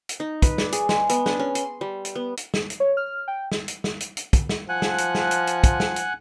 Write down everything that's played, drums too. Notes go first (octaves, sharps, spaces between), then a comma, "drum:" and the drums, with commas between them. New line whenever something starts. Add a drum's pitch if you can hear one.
drum: hi-hat
D#4
B4, drum: kick, hi-hat
D5, drum: snare
G#4, drum: hi-hat
G#3, drum: snare
B3, drum: hi-hat
D4, drum: snare
C#4
C6, drum: hi-hat
G3
drum: hi-hat
B3
drum: hi-hat
drum: snare
drum: hi-hat
C#5
F6
G5
drum: snare
drum: hi-hat
drum: snare
drum: hi-hat
drum: hi-hat
drum: kick, hi-hat
drum: snare
F3 F#5 G#5 F#6
drum: snare
drum: hi-hat
drum: snare
drum: hi-hat
drum: hi-hat
drum: kick, hi-hat
drum: snare
drum: hi-hat